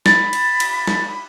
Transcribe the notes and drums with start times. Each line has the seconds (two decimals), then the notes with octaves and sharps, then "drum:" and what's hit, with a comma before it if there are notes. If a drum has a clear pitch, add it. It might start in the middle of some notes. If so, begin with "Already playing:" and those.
0.06 B5 A6, drum: snare
0.33 drum: cymbal
0.60 drum: cymbal
0.87 drum: snare